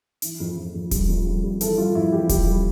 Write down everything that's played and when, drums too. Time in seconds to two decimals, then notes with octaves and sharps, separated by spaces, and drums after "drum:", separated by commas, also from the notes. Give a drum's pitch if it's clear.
0.22 E3, drum: hi-hat
0.40 F2
0.57 F2
0.74 F2
0.91 G3, drum: kick D#1, hi-hat
1.09 F2
1.26 G3
1.43 G3
1.61 E3 A4, drum: hi-hat
1.78 G3 F4
1.95 F2 E4
2.12 E3 G4
2.29 F2 G4, drum: kick D#1, hi-hat
2.47 G3